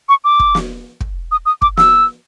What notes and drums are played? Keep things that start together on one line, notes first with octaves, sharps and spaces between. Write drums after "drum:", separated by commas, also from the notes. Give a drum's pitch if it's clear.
C#6
D6
drum: kick
drum: snare
drum: kick
D#6
D#6
D6, drum: kick
E6, drum: snare